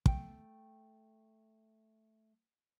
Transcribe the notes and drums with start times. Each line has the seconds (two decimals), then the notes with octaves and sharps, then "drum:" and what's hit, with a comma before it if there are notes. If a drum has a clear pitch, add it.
0.06 A3 G5, drum: kick